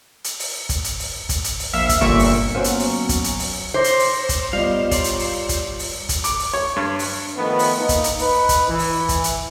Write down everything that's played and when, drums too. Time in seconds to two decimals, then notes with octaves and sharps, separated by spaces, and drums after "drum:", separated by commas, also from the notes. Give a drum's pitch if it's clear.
0.24 drum: hi-hat
0.39 drum: open hi-hat
0.69 drum: kick, hi-hat
0.84 drum: hi-hat
0.99 drum: open hi-hat
1.29 drum: kick, hi-hat
1.44 drum: hi-hat
1.59 drum: open hi-hat
1.74 A#1 E5 F5
1.89 drum: kick, hi-hat
2.01 G1 A#2 E5 C#6 D7
2.19 drum: open hi-hat
2.55 F#3 A#3 B3 C#4 F#4 C5 C#5 F5
2.64 drum: hi-hat
2.79 drum: open hi-hat
3.09 drum: kick, hi-hat
3.24 drum: hi-hat
3.39 drum: open hi-hat
3.74 C5 C#5 D6 A#6
3.84 drum: hi-hat
3.99 drum: open hi-hat
4.29 drum: kick, hi-hat
4.53 G3 B3 F4 D#5 F5
4.91 F4 C#5 D5 C6, drum: kick, hi-hat
5.04 drum: hi-hat
5.19 drum: open hi-hat
5.49 drum: kick, hi-hat
5.79 drum: open hi-hat
6.09 drum: kick, hi-hat
6.24 D6, drum: hi-hat
6.39 drum: open hi-hat
6.54 C#5
6.76 G2
6.99 drum: open hi-hat
7.37 D#3 F3 A3 B3
7.59 drum: open hi-hat
7.79 A#3 D#4
7.89 drum: kick, hi-hat
8.04 drum: hi-hat
8.18 D#4 B4, drum: open hi-hat
8.49 drum: kick, hi-hat
8.68 E3
8.79 drum: open hi-hat
9.09 drum: kick, hi-hat
9.24 drum: hi-hat